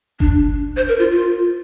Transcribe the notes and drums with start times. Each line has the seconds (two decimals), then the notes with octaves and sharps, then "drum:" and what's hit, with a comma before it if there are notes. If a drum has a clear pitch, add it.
0.20 D4, drum: kick F#1
0.77 C5
0.88 A#4
0.99 F4
1.12 F4